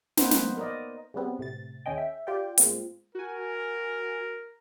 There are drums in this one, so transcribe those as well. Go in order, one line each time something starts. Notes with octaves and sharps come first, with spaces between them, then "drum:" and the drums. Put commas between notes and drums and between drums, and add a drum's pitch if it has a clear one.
A#3 B3 D#4 B4 C5, drum: snare
drum: snare
A#4 D5 D#5
C#3 F#3 G3 B3 C4
A2 C3 A6
D#2 C#4 G#4 D#5 G5
E5
F4 G4 D5 G5
A2 G#3 A#3 C4 F4, drum: hi-hat
F#4 A#4 G#5